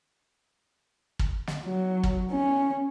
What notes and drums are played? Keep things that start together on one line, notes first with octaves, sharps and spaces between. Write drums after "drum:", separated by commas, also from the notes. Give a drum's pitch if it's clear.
drum: kick
drum: snare
F#3
drum: kick
C#4